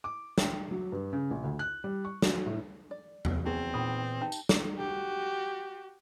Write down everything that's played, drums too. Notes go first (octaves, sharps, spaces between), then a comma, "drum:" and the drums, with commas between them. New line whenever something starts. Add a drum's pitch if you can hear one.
D6
G5, drum: snare
F#3
G2
C#3
A#1
D2
F#6
G3
C#6
F#3, drum: snare
A2
D5
drum: tom E2
E2 B3 C4 F#4 G#4
A#2 D#3 F#3 B5 D#6
D#4 G4 A5
drum: tambourine
drum: snare
F#4 G4